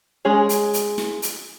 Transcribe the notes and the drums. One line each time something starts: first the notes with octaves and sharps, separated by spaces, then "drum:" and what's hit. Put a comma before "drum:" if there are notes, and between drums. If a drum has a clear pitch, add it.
G#3 C#4 G#4 C#5
drum: hi-hat
drum: hi-hat
drum: snare
drum: hi-hat